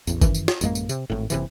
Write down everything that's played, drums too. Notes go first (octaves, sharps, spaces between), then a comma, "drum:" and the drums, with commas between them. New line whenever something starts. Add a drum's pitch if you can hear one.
A1 E2, drum: tambourine
F#2 C3 D#3 E3, drum: kick G1, tambourine
drum: tambourine
drum: snare
A1 F#2 G#3 A#3, drum: tambourine
drum: tambourine
C3, drum: tambourine
G#1 A2
F#1 C3 E3, drum: tambourine